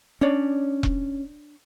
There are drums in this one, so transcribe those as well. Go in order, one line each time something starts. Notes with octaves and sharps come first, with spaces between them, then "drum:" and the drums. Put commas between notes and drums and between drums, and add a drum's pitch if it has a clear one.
C#4 D4 C#5 D5
drum: kick E1